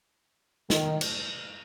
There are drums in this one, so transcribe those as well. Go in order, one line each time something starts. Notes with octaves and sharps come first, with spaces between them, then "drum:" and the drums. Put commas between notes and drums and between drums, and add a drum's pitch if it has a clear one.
D#3, drum: snare
drum: cymbal